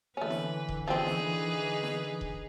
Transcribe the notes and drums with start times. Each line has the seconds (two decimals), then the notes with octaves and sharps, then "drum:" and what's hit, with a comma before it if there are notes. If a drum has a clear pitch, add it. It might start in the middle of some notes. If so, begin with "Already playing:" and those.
0.17 D3 E3 A3 C#4 B4
0.30 drum: snare E4
0.69 drum: kick D#1
0.88 F3 C4 D#4 G#4 B4
1.07 drum: snare E4
1.83 drum: snare E4
2.21 drum: kick D#1